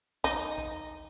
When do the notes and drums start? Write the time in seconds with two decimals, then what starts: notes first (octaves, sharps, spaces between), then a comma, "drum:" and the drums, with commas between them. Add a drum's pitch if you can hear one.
0.24 D#4, drum: kick
0.58 drum: kick